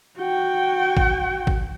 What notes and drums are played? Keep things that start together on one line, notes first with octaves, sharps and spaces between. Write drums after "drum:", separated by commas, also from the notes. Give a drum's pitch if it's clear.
F#4 G5
drum: kick
drum: kick